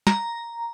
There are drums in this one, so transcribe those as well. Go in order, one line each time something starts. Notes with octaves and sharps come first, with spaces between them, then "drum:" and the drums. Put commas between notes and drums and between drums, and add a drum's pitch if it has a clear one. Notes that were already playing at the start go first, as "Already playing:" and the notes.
A#5, drum: snare